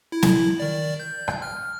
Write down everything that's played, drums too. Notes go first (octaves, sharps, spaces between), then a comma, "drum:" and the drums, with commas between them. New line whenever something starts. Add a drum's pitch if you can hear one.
E4
drum: snare
D#3 D5
G6
drum: rim click
F6